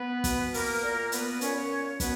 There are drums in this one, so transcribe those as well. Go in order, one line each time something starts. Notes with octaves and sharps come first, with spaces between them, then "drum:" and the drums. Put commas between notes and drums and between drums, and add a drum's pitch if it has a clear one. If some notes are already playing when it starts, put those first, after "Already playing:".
Already playing: B3 B4
B2, drum: kick, hi-hat
A#3 A#4, drum: open hi-hat
A#2
B3 B4, drum: hi-hat
A#2 C#4 C#5, drum: hi-hat
B2 B3 B4, drum: kick, hi-hat